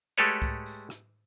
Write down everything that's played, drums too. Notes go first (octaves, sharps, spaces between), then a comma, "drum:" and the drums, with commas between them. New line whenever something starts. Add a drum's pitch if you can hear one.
G#3 A3 G4 A4 B4 C#5, drum: tambourine
drum: kick C2, tambourine
drum: tambourine
drum: rim click